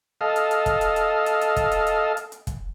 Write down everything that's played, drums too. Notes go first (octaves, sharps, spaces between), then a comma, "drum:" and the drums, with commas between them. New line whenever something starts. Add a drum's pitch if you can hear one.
A4 D#5 F5
drum: hi-hat
drum: hi-hat
drum: kick, hi-hat
drum: hi-hat
drum: hi-hat
drum: hi-hat
drum: hi-hat
drum: kick, hi-hat
drum: hi-hat
drum: hi-hat
drum: hi-hat
drum: hi-hat
drum: kick, hi-hat